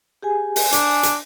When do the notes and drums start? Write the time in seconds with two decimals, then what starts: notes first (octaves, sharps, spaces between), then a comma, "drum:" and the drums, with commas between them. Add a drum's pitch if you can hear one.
0.23 G4 G#4 G#5
0.56 G#5, drum: open hi-hat
0.72 D4, drum: hi-hat
1.03 drum: hi-hat